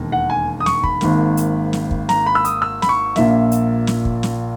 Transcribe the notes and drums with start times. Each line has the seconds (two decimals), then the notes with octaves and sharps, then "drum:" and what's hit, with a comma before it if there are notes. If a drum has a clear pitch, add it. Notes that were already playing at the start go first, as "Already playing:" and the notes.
Already playing: E1 D#2 D#3
0.12 F#5
0.30 G#5
0.60 D#6
0.66 C#6, drum: snare
0.84 B5, drum: kick
1.01 G#1 G#2 D#3 A#3, drum: snare
1.37 drum: hi-hat
1.73 drum: snare
1.91 drum: kick
2.09 A#5, drum: snare
2.26 B5
2.35 E6
2.45 D#6, drum: hi-hat
2.62 E6
2.82 B5, drum: snare
2.89 C#6
3.16 A#1 A#2 A#3 E5, drum: snare
3.52 drum: hi-hat
3.87 drum: snare
4.05 drum: kick
4.23 drum: snare